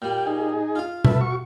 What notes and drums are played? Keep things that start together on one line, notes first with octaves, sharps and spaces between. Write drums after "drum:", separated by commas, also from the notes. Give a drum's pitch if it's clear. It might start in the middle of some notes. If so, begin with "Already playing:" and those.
A#2 G3 G5
D#4 G#4
F4 F5
A4 B4 E5, drum: tom B2
F#4 C#6